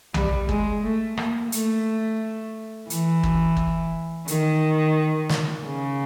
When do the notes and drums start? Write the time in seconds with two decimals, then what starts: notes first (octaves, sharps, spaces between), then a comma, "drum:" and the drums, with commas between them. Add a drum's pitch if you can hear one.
0.14 G3, drum: tom B1
0.49 G#3, drum: kick
0.83 A3
1.17 A#3, drum: rim click
1.52 A3, drum: hi-hat
2.90 E3, drum: hi-hat
3.23 drum: kick
3.57 drum: kick
4.28 D#3, drum: hi-hat
5.29 drum: snare
5.65 C#3